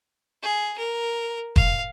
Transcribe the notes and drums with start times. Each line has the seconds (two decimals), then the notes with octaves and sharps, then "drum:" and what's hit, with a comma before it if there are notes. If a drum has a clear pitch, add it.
0.43 G#4
0.78 A#4
1.56 F5, drum: kick